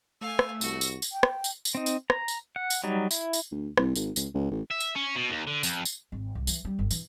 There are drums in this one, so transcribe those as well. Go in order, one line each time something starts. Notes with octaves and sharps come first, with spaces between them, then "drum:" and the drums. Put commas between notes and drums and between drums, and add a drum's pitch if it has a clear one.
A3 F5 G#5 E6
drum: rim click
C2 F#4, drum: tambourine
drum: tambourine
drum: tambourine
G5
drum: rim click
drum: tambourine
drum: tambourine
C4 D#4
drum: tambourine
A#5, drum: rim click
drum: tambourine
F#5
drum: tambourine
F#3 G3 D#4
E4, drum: tambourine
drum: tambourine
D2
C2, drum: rim click
G#1, drum: tambourine
C#2, drum: tambourine
C#2
A1
E5
drum: tambourine
C#4
B2
D#2
D3
F2, drum: tambourine
drum: tambourine
G#1
C2
E3, drum: tambourine
G3
G1
E3, drum: tambourine